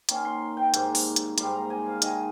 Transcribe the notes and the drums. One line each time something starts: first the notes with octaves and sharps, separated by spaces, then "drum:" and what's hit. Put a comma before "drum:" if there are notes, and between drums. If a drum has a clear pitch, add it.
D#3 A#3 C#4 C6, drum: hi-hat
C6
G5
G#2 G3 A#3, drum: hi-hat
drum: open hi-hat
drum: hi-hat
G#2 G3 A#3 C6, drum: hi-hat
A#5
G#5
F5
D#3 G#3 D#4 D#5, drum: hi-hat